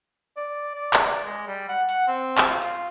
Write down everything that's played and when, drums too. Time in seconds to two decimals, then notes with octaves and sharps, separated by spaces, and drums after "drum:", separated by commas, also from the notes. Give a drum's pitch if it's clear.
0.37 D5
0.75 D5
0.93 drum: clap
1.24 G#3
1.47 G3
1.69 F#5
1.89 F#5, drum: hi-hat
2.07 C4
2.38 drum: clap
2.50 F4
2.62 F4, drum: hi-hat